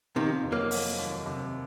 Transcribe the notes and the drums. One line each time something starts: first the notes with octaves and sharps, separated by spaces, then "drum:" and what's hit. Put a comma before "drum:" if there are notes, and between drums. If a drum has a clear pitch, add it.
C3 D#3 F3
F1
F#3 A#3
F3, drum: open hi-hat
D#2
C3